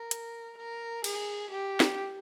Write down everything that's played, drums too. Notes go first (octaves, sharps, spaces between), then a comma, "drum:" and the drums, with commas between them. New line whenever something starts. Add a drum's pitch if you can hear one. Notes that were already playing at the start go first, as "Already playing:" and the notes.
Already playing: A#4
drum: hi-hat
A#4
G#4, drum: cymbal
G4
drum: snare